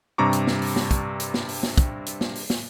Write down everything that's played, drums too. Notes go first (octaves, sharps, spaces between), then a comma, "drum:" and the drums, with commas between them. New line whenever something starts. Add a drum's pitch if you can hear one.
G2 C3 A#5 C#6 D6
drum: hi-hat
drum: snare
drum: open hi-hat
drum: snare
drum: kick, hi-hat
drum: hi-hat
drum: snare
drum: open hi-hat
drum: snare
drum: kick, hi-hat
drum: hi-hat
drum: snare
drum: open hi-hat
drum: snare